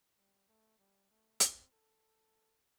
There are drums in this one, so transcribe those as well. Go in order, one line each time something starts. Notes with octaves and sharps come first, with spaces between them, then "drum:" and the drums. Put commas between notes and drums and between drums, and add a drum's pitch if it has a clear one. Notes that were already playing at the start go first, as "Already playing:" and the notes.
G3
A3
G3
A3
C4, drum: hi-hat
A4